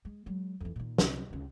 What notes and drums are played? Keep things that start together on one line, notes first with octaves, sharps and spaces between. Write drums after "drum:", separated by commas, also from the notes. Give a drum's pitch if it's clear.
G#3
F#3 G#3
F2 E3
A#2 D#3
C2, drum: snare
C#2 D#3